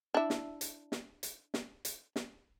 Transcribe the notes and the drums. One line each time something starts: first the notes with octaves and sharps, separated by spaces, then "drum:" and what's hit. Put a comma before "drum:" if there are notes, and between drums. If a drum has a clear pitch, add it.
D4 E4
drum: snare
drum: hi-hat
drum: snare
drum: hi-hat
drum: snare
drum: hi-hat
drum: snare